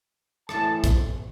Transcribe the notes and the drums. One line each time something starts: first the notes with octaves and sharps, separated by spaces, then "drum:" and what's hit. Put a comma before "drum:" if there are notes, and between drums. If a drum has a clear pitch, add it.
A2 E3 A3 A5, drum: rim click
drum: kick, hi-hat